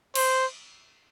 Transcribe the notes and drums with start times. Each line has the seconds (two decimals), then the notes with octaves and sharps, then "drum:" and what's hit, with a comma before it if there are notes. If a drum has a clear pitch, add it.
0.15 C5, drum: cymbal